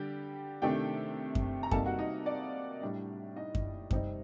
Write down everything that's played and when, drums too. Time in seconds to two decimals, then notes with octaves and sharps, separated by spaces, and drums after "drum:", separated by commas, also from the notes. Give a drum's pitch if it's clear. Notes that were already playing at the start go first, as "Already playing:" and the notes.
Already playing: D3 G3 G4 G5
0.62 C3 D#3 A3 D4 G4 G5
1.35 drum: kick F#2
1.63 A#5
1.71 C3 G3 A#3 D#4 A4 A5, drum: kick F#2
1.86 F#4 F#5
1.99 D#4 D#5
2.26 D5
2.82 A2 G3 D4
3.36 D#4 D#5
3.55 drum: kick F#2
3.91 C3 G3 C4 D#4, drum: kick F#2